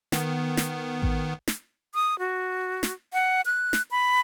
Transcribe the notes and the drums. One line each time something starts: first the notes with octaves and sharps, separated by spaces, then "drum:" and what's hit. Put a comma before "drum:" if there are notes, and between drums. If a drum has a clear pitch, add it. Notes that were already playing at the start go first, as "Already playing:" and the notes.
D#3 B3, drum: snare
drum: snare
drum: kick A1
drum: snare
D#6
F#4
drum: snare
F#5
F#6
drum: snare
B5